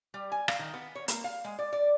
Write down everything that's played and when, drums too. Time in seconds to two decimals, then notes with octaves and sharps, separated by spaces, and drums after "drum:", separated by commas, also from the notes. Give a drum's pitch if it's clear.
0.14 G3
0.32 G#5
0.48 F5, drum: rim click
0.59 D#3
0.74 B3
0.95 C#5
1.08 A#3, drum: hi-hat
1.24 F5
1.44 G#3
1.59 D5
1.73 D5